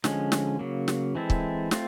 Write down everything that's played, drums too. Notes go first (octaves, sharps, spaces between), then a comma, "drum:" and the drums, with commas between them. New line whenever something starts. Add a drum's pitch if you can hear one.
D3 F3 G#3 C#4, drum: snare
drum: snare
C#3 F#3 A#3
drum: snare
E3 G#3 C4 E4 A4
drum: kick
A3 C4 F4, drum: snare